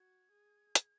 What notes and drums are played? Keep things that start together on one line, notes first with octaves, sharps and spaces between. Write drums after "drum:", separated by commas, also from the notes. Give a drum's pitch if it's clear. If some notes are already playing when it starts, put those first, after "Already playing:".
Already playing: F#4 G#6
G#4
drum: hi-hat